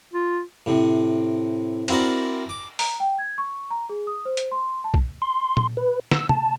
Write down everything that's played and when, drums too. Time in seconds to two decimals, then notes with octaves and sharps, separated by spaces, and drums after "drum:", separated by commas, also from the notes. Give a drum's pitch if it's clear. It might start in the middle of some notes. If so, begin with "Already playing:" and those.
0.14 F4
0.66 A2 C3
1.88 C4 E4 F#4 A#4 D5, drum: cymbal
2.49 D6
2.79 A#5, drum: open hi-hat
3.00 G5
3.18 G#6
3.38 C#6
3.71 A#5
3.89 G#4
4.07 D#6
4.25 C5
4.37 drum: hi-hat
4.52 C6
4.84 A5
4.94 drum: kick
5.22 C6
5.57 drum: tom A#2
5.77 B4
6.11 E6, drum: snare
6.29 A5, drum: tom